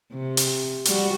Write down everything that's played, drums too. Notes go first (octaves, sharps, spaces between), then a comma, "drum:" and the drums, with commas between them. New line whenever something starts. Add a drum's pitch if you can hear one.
C3
drum: hi-hat
G3 F#4, drum: hi-hat